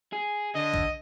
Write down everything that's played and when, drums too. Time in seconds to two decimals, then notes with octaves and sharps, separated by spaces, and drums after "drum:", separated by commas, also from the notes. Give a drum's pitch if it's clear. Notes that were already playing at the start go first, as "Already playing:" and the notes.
0.13 G#4
0.55 D3 D#5
0.74 drum: kick A#1